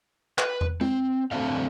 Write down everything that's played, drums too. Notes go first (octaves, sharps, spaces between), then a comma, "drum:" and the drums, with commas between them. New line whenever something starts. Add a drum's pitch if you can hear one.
B4, drum: clap
drum: tom
C4, drum: tom
A3 C4 D4 D5 E5 F5